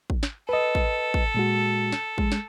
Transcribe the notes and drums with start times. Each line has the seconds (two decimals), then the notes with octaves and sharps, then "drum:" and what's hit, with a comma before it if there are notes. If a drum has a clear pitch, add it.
0.10 drum: kick
0.23 drum: snare
0.49 A4 B4 D#5
0.75 drum: kick
1.14 drum: kick
1.35 A#2 G#3 F#4
1.92 drum: snare
2.18 G#3, drum: kick
2.32 drum: snare